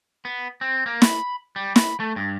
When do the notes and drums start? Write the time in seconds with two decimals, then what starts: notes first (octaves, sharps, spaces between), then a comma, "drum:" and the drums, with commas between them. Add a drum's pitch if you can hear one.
0.25 B3
0.61 C4
0.86 A#3
1.02 B5, drum: snare
1.56 G3
1.76 B5, drum: snare
2.00 A3
2.16 G2